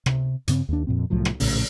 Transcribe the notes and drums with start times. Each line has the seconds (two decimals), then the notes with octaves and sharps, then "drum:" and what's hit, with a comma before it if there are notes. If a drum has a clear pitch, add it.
0.06 C3, drum: rim click
0.48 G2 C#3 C4, drum: hi-hat
0.69 D#2 D4
0.87 F2 A#2 C4
1.10 C2 A2 F3 F#3
1.25 drum: rim click
1.40 A#1 A2 C#3, drum: open hi-hat